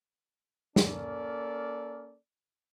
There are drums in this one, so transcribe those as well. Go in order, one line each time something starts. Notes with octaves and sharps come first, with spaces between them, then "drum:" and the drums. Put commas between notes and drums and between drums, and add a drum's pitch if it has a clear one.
A#3 C#4 A4 D5, drum: snare